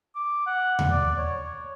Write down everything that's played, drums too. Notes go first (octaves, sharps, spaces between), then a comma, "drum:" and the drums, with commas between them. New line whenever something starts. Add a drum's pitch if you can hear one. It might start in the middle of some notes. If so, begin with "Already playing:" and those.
D6
F#5
drum: tom D#2
D5
C#5